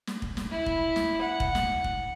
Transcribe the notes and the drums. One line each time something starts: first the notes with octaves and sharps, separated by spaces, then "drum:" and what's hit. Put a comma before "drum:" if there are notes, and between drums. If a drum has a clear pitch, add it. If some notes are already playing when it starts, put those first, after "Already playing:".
drum: snare
drum: kick
drum: snare
E4
drum: kick
drum: snare
F#5
drum: kick
drum: snare
drum: kick